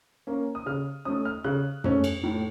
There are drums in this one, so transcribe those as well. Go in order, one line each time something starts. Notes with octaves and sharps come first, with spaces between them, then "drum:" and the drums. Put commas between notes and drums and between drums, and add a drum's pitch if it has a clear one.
A#3 C#4
D#6
C#3 F6
A3 C#4 D#6
F6
C#3 F#6
A3 C#4, drum: tom
drum: cymbal
A2